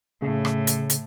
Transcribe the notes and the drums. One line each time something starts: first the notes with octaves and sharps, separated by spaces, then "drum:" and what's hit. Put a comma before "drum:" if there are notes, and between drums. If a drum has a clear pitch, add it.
A2 C#3
drum: rim click
drum: hi-hat
drum: hi-hat